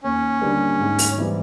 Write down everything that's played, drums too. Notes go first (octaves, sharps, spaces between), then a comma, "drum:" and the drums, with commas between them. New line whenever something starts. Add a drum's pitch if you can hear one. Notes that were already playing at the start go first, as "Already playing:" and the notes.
D#2 C#4
D3 G3 A#3
G#2
drum: open hi-hat
E3 G3 C4 E4